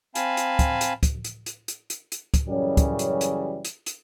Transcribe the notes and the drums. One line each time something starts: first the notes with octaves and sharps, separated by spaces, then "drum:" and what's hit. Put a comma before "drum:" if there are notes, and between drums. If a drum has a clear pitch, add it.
C4 F5 G#5 A5 B5, drum: hi-hat
drum: hi-hat
drum: kick, hi-hat
drum: hi-hat
drum: kick, hi-hat
drum: hi-hat
drum: hi-hat
drum: hi-hat
drum: hi-hat
drum: hi-hat
drum: kick, hi-hat
F#2 C#3 E3 F#3 G3 C#4
drum: kick, hi-hat
drum: hi-hat
drum: hi-hat
drum: hi-hat
drum: hi-hat